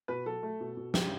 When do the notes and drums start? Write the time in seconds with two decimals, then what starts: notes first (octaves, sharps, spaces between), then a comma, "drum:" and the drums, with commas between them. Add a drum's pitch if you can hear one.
0.08 B2 B4
0.26 F#3 A4
0.43 A3
0.61 B2
0.77 B2
0.94 G3 G4, drum: snare